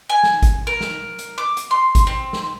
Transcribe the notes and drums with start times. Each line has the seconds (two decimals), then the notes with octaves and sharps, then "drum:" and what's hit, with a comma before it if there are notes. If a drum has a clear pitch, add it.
0.10 G#5
0.23 drum: snare
0.42 drum: kick, hi-hat
0.67 A#4
0.81 drum: snare
1.19 drum: hi-hat
1.38 D6
1.57 drum: hi-hat
1.71 C6
1.95 drum: kick, hi-hat
2.07 C4
2.33 drum: snare